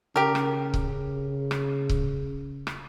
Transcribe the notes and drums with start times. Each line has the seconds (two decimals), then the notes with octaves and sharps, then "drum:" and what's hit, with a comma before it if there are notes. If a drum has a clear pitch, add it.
0.16 C#3 G4 A#4
0.35 drum: rim click
0.74 drum: kick C#1
1.51 drum: rim click
1.89 drum: kick C#1
2.67 drum: rim click